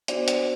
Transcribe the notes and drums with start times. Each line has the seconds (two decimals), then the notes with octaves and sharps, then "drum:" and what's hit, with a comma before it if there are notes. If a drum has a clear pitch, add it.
0.08 B3 D4 F#4 C5 D5, drum: hi-hat
0.28 drum: hi-hat